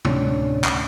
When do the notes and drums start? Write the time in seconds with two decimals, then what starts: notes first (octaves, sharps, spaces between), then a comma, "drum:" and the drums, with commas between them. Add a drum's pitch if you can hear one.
0.05 D2 A2 C3 C#4 D4, drum: tom
0.64 drum: clap